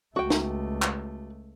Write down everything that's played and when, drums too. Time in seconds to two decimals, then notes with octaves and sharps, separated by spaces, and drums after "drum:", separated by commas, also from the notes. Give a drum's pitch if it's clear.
0.16 C#2 A3 F#4 G5
0.30 drum: snare
0.82 drum: clap